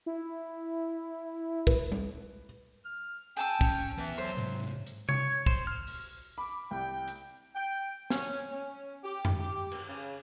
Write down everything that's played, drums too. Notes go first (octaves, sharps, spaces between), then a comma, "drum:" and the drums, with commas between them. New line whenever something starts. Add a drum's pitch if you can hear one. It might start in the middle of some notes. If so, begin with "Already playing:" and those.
E4
B4, drum: kick
drum: tom G3
F6
G#4 G5 A5 E6
C#4, drum: kick
E3 B3 E5
F#3 C5
C2 G#2
drum: hi-hat
C#5, drum: tom C3
C5, drum: kick
F6
drum: open hi-hat
B5 D6
C2 G5
drum: hi-hat
G5
C#4, drum: snare
C#4
G4
drum: tom F2
G4
drum: cymbal
C#3